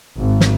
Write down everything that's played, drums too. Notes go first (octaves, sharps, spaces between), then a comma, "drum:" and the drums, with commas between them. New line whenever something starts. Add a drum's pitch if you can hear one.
G#1
drum: snare